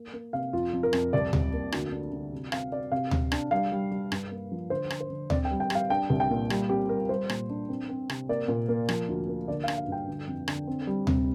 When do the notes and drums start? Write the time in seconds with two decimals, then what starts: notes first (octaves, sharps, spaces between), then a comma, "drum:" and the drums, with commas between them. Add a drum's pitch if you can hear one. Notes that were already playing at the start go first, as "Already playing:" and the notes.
Already playing: A#3
0.13 A#3
0.33 C3 F5
0.53 F2 F4
0.73 F2
0.83 A#4
0.93 F2, drum: rim click
1.13 C2 D5
1.33 C2, drum: tom D2
1.53 A#3
1.72 D2, drum: rim click
1.92 D3
2.12 D3
2.33 C3
2.52 C4 F5, drum: rim click
2.72 C4 D5
2.92 C3 F5
3.11 C3, drum: tom D2
3.32 D4, drum: rim click
3.51 G3 F5
3.72 G3
3.91 G3
4.12 G2, drum: rim click
4.31 A#3
4.52 F3
4.70 D3 C5
4.90 D3, drum: rim click
5.01 C5
5.10 D3
5.30 C4 D5, drum: tom D2
5.45 G5
5.51 G3
5.60 G5
5.70 G3, drum: rim click
5.75 F5
5.90 D4 G5
6.10 C2
6.20 G5
6.30 A#2
6.50 G3, drum: rim click
6.69 C4 G4
6.89 G3 A#4
7.09 G3 C5
7.29 A#2, drum: rim click
7.50 D4
7.69 C4
7.89 C4
8.10 C3, drum: rim click
8.29 A#3 D5
8.48 A#2
8.69 A#3
8.89 F3, drum: rim click
9.08 D2
9.28 A#3
9.48 D3 D5
9.64 F5
9.68 D4, drum: rim click
9.78 F5
9.88 G2 G5
10.07 D3
10.27 F2
10.48 D3, drum: rim click
10.67 C4
10.87 G3
11.07 C3, drum: tom D2